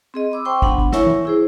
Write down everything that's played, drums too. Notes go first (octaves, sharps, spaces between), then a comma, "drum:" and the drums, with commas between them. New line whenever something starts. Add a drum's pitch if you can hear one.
C4 G#4 D#5
B5 D6 E6
C5 G5 C6 C#6
B3 D4 F#5 B5, drum: kick
drum: kick
E4 A#4 C#5 E5 G#5 C#6, drum: snare
drum: tom E3
E4 G#4 C5